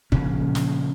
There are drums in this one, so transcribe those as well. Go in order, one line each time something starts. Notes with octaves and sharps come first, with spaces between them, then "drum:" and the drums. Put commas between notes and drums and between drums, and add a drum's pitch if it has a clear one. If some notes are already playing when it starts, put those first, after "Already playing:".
A#2 C#3 F3 C#4, drum: kick
drum: snare